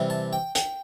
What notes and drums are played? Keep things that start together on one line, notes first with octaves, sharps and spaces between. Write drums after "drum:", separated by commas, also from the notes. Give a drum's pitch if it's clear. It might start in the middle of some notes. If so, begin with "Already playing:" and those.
Already playing: C3 E3 G3
A5
G5
G5, drum: hi-hat